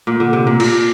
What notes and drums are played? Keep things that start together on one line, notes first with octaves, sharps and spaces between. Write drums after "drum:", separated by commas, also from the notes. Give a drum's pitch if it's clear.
A#2
D3
C3
A#2
A#2, drum: cymbal